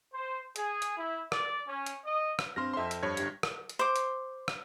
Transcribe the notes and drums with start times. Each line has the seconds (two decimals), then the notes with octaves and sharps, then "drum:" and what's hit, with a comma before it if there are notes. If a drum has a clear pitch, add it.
0.13 C5
0.56 G#4, drum: hi-hat
0.82 drum: hi-hat
0.97 E4
1.32 D5, drum: rim click
1.67 C#4
1.86 drum: hi-hat
2.05 D#5
2.39 drum: rim click
2.56 G2 C4 C6 F6 A#6
2.74 F2 A4 C5 E5 C6
2.91 drum: hi-hat
3.03 G2 C#5 G#6
3.17 G1 G4, drum: hi-hat
3.43 drum: rim click
3.69 drum: hi-hat
3.79 C5 D6
3.96 drum: hi-hat
4.48 drum: rim click